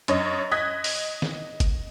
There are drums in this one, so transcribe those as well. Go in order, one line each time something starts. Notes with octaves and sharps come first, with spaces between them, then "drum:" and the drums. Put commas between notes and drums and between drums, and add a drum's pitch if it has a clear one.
F#2 C#5 D#5, drum: hi-hat
D#5 D#6 F#6 G#6 A#6 B6
drum: open hi-hat
drum: snare
drum: kick, hi-hat